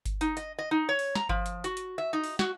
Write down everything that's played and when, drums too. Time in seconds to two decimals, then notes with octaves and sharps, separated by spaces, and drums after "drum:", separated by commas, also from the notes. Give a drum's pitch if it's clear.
0.06 drum: kick G1, hi-hat
0.21 D#4, drum: hi-hat
0.37 D#5, drum: hi-hat
0.59 D#5
0.71 D#4
0.89 C#5
0.99 drum: open hi-hat
1.15 A#5, drum: snare
1.29 F3, drum: kick G1
1.46 drum: hi-hat
1.64 F#4, drum: hi-hat
1.77 drum: hi-hat
1.98 E5
2.13 D#4
2.24 drum: open hi-hat
2.39 F#4, drum: snare